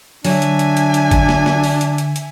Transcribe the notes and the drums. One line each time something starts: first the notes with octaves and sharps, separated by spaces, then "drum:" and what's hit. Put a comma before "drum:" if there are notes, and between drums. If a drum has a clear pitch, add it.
D3 F#3 D4 E5 G#5, drum: open hi-hat
drum: hi-hat
drum: hi-hat
drum: hi-hat
drum: hi-hat
drum: kick G#1, hi-hat
drum: snare
drum: snare
drum: open hi-hat
drum: hi-hat
drum: hi-hat
drum: hi-hat